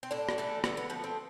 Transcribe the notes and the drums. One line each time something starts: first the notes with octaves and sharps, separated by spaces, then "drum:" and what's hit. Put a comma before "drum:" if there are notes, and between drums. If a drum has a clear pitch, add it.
C4
A2 D4
drum: rim click
E3 A3
D3 B3, drum: rim click
B3
F3 A3 B3
C4